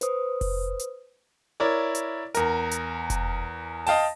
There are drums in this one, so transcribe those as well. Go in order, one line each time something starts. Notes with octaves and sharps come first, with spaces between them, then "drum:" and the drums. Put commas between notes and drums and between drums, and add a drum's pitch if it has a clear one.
B4 C5 D#6, drum: hi-hat
drum: kick F1, open hi-hat
drum: hi-hat
E4 A#4 C#5 D5
drum: hi-hat
E2 A#4, drum: hi-hat
drum: hi-hat
drum: kick F1, hi-hat
D#5 F5 G5 A5, drum: open hi-hat